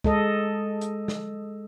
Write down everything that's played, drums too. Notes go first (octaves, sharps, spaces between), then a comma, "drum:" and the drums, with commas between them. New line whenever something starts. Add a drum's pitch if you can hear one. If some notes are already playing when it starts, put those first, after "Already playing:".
G#3 A4 D#5, drum: kick
drum: hi-hat
drum: snare